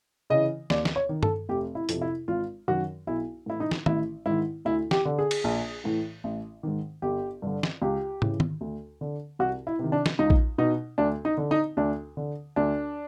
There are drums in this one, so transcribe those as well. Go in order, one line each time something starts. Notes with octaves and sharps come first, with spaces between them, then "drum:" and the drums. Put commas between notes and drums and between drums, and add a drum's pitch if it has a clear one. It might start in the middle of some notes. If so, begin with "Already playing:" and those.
C#3 E3 D#5
D#2 D5, drum: snare
drum: snare
C#5
D#3
A4, drum: tom G2
F1 G4
E4
F2 C3, drum: hi-hat
E4
G#1 F4
F#2 D#3 F#4
B1 E4
A2 E3 E4
D#4
drum: snare
A1 E4, drum: tom D#3
G#2 D#3 E4
D2 E4
G4, drum: snare
D3
G#4
drum: cymbal
A#1
A2 E3
A1
G#2 D#3
G1 G4
G2 D3
drum: snare
C#2 G4
C#3 E3, drum: tom
drum: tom D#3
D2
D3
C2 F#4
E4
C3 D#3
D4
drum: snare
C#2 D#4
drum: kick A#1
B2 D#4
D2 D4
D#4
D3
D#4
D2 D4
D3
D2 D4